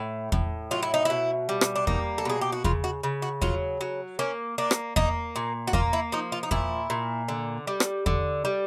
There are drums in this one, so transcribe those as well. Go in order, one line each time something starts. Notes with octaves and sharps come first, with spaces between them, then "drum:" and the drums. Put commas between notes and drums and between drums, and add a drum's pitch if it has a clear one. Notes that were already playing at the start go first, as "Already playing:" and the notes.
Already playing: A2
A2, drum: kick E2
F#3 F4
E4
D#4
B2 E4
G3
drum: rim click
D4
A#3 D#4, drum: kick E2
A4
B2 G#4
G4
F#4
C#3 F4, drum: kick E2
F#4
C#3
F#4
F#3 F4, drum: kick E2
F#3
A#3 C#4
A#3 D4
drum: rim click
A#3 D#4, drum: kick E2
A#2
F#4
A#3 F4, drum: kick E2
E4
F3 D#4
F4
D#4
A#2 E4, drum: kick E2
A#2
D3
G3
drum: rim click
D3, drum: kick E2
G3